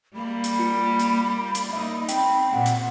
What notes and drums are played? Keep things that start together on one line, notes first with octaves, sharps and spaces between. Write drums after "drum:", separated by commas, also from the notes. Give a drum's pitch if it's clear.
G3 A#3 B5
drum: hi-hat
F4 C#7
drum: hi-hat
drum: hi-hat
A#3 D#4 E5
C4 G5 B5, drum: hi-hat
A#2 F#5
drum: hi-hat